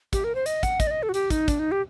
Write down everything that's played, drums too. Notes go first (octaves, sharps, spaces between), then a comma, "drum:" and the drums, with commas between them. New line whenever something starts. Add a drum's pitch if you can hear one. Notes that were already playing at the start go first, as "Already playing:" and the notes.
G4, drum: kick, hi-hat
A#4
C5
D#5, drum: hi-hat
F#5, drum: kick, hi-hat
D#5, drum: kick, hi-hat
D5
D#5
A4
F#4
G4, drum: hi-hat
D#4, drum: kick, hi-hat
D4, drum: kick, hi-hat
D#4
G4